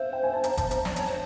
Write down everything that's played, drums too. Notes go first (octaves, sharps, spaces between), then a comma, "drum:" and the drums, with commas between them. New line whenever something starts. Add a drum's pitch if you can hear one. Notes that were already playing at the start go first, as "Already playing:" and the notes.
Already playing: C5 E5 F5
G5
G#5
A5
A#5, drum: hi-hat
A5, drum: kick F#1, hi-hat
A#5, drum: hi-hat
D5 A5, drum: snare
C#5 A5, drum: hi-hat
C5